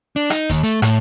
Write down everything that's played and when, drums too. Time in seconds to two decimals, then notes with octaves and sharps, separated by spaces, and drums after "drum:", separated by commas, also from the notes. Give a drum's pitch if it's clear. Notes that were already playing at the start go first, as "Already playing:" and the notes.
0.16 D4
0.30 D#4, drum: rim click
0.50 D#2, drum: kick, hi-hat
0.63 A3, drum: hi-hat
0.82 A2, drum: rim click